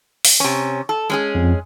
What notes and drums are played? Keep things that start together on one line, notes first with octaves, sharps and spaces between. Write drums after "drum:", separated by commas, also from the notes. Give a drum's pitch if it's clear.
drum: open hi-hat
C3 C#4
A4
G#3 C#4 G#4
F2